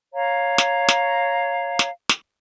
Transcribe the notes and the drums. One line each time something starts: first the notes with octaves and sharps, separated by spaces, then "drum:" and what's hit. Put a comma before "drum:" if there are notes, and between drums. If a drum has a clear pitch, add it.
C#5 F5 A#5
drum: snare
drum: snare
drum: snare
drum: snare